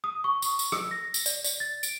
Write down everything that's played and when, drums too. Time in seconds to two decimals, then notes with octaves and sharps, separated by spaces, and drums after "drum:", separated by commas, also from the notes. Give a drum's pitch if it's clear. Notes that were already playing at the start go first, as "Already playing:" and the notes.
0.04 D#6
0.24 C#6
0.42 C#6, drum: tambourine
0.59 drum: tambourine
0.72 E6, drum: rim click
0.91 A#6
1.14 drum: tambourine
1.26 D5, drum: tambourine
1.44 D5, drum: tambourine
1.60 A6
1.83 D7, drum: tambourine